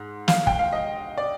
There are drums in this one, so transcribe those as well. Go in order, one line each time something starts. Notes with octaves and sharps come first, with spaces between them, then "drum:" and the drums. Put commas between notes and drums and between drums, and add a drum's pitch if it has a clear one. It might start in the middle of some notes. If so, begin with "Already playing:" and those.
Already playing: G#2
F5, drum: snare
G5, drum: kick
F5
D#5
D5